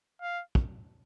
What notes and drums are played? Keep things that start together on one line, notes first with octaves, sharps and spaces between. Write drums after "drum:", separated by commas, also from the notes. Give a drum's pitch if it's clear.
F5
drum: kick